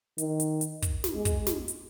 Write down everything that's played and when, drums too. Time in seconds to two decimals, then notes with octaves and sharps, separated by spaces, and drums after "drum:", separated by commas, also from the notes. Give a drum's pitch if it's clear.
0.18 D#3, drum: hi-hat
0.40 drum: hi-hat
0.61 drum: hi-hat
0.82 drum: kick, hi-hat
1.04 drum: snare
1.15 G#3
1.25 drum: kick, hi-hat
1.47 drum: snare
1.68 drum: hi-hat